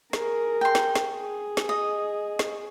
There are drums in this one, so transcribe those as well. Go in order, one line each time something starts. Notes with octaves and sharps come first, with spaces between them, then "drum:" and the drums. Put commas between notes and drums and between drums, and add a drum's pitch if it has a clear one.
G#4 A#4, drum: snare
G5 C6
drum: snare
drum: snare
G#4
drum: snare
D#5
drum: snare